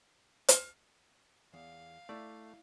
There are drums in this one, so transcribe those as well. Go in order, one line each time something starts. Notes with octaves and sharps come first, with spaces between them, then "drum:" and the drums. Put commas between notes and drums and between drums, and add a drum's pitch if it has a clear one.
drum: hi-hat
E2 F5
A3 E4 D5